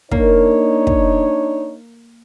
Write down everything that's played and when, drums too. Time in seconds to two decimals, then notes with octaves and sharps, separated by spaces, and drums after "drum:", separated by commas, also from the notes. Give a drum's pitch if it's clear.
0.11 A#3 D4 D#4 C#5, drum: kick
0.87 drum: kick